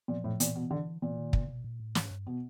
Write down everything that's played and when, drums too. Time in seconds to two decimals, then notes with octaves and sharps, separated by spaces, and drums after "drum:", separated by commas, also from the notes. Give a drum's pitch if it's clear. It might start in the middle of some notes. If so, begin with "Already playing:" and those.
0.08 A#2 F3
0.24 A2
0.40 A#2 E3, drum: hi-hat
0.56 B2
0.71 D3
1.02 A#2 E3
1.18 D#3
1.33 C#3, drum: kick
1.49 B2
1.64 A#2
1.80 A2
1.95 G#2, drum: snare
2.11 G2
2.27 B2